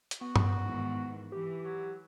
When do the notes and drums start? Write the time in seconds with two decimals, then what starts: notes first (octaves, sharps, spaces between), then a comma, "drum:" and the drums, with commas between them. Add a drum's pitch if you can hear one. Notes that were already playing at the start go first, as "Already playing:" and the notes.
0.11 drum: hi-hat
0.21 B3 F#4
0.36 drum: tom G2
0.63 G#2 D#3 E3
1.32 E3 G4
1.64 F#3